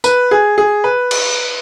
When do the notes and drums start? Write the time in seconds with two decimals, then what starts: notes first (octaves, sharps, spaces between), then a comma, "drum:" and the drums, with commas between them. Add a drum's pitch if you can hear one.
0.04 B4, drum: tambourine
0.31 G#4
0.58 G#4
0.84 B4
1.11 drum: cymbal